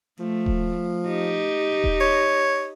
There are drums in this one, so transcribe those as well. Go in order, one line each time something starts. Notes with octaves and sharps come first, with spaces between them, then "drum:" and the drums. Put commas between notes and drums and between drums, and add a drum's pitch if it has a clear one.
F3 A3
drum: kick D#1
D#4 G4
drum: kick D#1
C#5